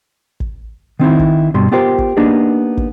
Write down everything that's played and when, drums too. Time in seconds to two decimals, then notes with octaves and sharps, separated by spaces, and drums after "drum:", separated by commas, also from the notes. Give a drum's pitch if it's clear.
0.40 drum: kick
0.99 D#3 C4 D#4 E4
1.19 drum: kick
1.54 G2 B2 C6
1.72 B3 F4 G4 A#4 C5
1.98 drum: kick
2.17 A#3 B3 D4 D#4 G4 G#4
2.77 drum: kick